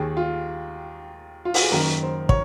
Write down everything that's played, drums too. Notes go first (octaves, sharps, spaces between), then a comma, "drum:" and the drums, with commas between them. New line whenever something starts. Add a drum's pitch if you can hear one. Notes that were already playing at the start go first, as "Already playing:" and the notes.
Already playing: D#2 D#3 G#4
F4
F4
F#4, drum: open hi-hat
G#4
F#1 F#2 D#3 A#4
C5
C#5, drum: kick